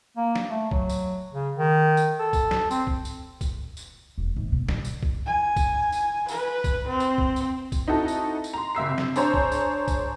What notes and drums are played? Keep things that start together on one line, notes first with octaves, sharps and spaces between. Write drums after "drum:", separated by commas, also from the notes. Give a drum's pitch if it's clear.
A#3
drum: snare
A3
F#3, drum: kick
drum: tambourine
C#3
D#3
drum: tambourine
A4
drum: kick, tambourine
drum: snare
C4, drum: tambourine
drum: kick
drum: tambourine
drum: kick, tambourine
drum: tambourine
E1
G#1
B2
D3, drum: snare
drum: tambourine
drum: kick
G#5
drum: kick, tambourine
drum: tambourine
B4, drum: tambourine
drum: kick, tambourine
C4
drum: tambourine
drum: kick
drum: tambourine
drum: kick, tambourine
C4 D#4 E4 F#4 A4
drum: tambourine
drum: tambourine
A#5 C6
F#1 E5 E6 C7
C3
drum: snare
D4 G#4 C5 C#5 A#5, drum: tambourine
drum: kick
drum: tambourine
drum: kick, tambourine